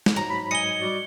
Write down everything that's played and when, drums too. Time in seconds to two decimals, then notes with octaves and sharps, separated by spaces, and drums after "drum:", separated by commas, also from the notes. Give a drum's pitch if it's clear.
0.06 drum: snare
0.16 G#2 F#3 A#5
0.29 B5
0.51 D#5 G#5 C#7 G7
0.81 G3 F#4 D5